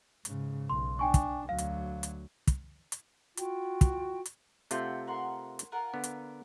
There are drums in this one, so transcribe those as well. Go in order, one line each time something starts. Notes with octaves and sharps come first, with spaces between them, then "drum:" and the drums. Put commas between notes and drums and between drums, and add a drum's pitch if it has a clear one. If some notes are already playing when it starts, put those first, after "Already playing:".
G#2 C#3, drum: hi-hat
B1 C6
D4 G5 G#5 C#6
drum: kick, hi-hat
D2 F#3 F5
drum: hi-hat
drum: hi-hat
drum: kick, hi-hat
drum: hi-hat
F4 F#4 G5, drum: hi-hat
drum: kick, hi-hat
drum: hi-hat
C3 A3 F4 F#5 G5 C6, drum: hi-hat
A#4 F#5 C6
drum: hi-hat
F4 A#4 F#5
D3 B3
drum: hi-hat